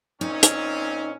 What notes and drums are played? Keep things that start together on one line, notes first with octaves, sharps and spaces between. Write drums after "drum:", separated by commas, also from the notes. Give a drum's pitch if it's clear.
A#2 C4 C#4 D#4
drum: hi-hat